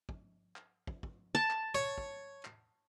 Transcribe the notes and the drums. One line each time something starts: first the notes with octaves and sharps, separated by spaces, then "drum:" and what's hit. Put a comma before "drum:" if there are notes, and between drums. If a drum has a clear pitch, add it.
drum: kick
drum: clap
drum: kick
drum: kick
A5
drum: clap
C#5
drum: kick
drum: clap